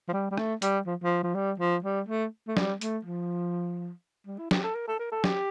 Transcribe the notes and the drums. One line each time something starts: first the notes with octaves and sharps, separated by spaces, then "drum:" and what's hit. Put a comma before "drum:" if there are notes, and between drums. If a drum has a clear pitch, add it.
F3
G3
G3
A3, drum: rim click
G3, drum: hi-hat
F3
F3
F3
G3
F3
G3
A3
A3
G3, drum: snare
A3, drum: hi-hat
F3
G3
E4
G4, drum: snare
A4
A#4
A4
A#4
A4
G4, drum: snare